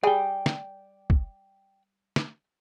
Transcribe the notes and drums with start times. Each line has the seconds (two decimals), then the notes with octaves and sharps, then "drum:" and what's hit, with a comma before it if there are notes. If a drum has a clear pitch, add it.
0.03 G3 G#4 D5 G5
0.46 drum: snare
1.10 drum: kick
2.16 drum: snare